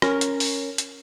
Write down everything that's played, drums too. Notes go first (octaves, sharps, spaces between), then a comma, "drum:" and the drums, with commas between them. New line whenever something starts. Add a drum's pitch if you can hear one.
C#4 A#4, drum: rim click
drum: hi-hat
drum: open hi-hat
drum: hi-hat